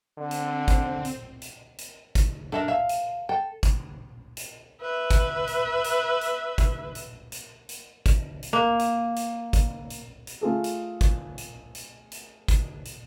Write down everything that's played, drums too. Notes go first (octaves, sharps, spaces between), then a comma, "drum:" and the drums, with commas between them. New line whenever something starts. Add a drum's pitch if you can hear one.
D3 C4
drum: hi-hat
drum: kick, hi-hat
drum: hi-hat
drum: hi-hat
drum: hi-hat
drum: kick, hi-hat
D4 A4 A#4 E5
E5 F5
drum: hi-hat
A4 G5
drum: kick, hi-hat
drum: hi-hat
B4 E5
drum: kick, hi-hat
drum: hi-hat
drum: hi-hat
drum: hi-hat
drum: kick, hi-hat
drum: hi-hat
drum: hi-hat
drum: hi-hat
drum: kick, hi-hat
drum: hi-hat
A#3
drum: hi-hat
drum: hi-hat
drum: kick, hi-hat
drum: hi-hat
drum: hi-hat
A3 F4 G#4 A4
drum: hi-hat
drum: kick, hi-hat
drum: hi-hat
drum: hi-hat
drum: hi-hat
drum: kick, hi-hat
drum: hi-hat